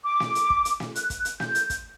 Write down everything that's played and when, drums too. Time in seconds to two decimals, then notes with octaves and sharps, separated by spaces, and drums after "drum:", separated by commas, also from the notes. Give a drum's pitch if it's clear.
0.04 D6
0.20 drum: snare
0.35 drum: hi-hat
0.50 drum: kick
0.65 drum: hi-hat
0.80 drum: snare
0.95 F#6, drum: hi-hat
1.10 drum: kick, hi-hat
1.25 drum: hi-hat
1.40 G6, drum: snare
1.55 drum: hi-hat
1.70 drum: kick, hi-hat